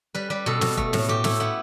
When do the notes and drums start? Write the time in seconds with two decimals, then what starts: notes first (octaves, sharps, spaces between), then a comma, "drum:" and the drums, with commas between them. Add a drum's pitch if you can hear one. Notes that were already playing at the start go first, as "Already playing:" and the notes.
0.15 G3 B4
0.30 G3 B4
0.46 B2 A4
0.61 B2, drum: snare
0.77 A3, drum: kick F1
0.93 A2, drum: snare
1.09 A2 G4
1.24 A3 E4, drum: snare
1.40 B3 E4